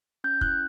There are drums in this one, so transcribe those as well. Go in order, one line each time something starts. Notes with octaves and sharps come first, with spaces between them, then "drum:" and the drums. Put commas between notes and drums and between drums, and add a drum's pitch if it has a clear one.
C#4 G6
E4 F#6, drum: kick